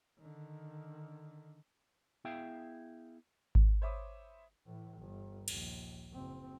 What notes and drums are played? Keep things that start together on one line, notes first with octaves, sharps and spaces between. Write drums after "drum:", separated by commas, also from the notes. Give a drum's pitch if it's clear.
D3 D#3
B3 E4 G#4 E5 F5 G5
drum: kick G#1
C5 C#5 E5 B5 D6 D#6
A2 E3
G1
A#1 D#2, drum: cymbal
F#1 C4